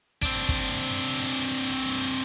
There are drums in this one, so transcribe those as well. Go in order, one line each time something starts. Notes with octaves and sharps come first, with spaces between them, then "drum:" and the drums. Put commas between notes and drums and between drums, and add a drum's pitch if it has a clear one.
C4 D4, drum: kick
drum: kick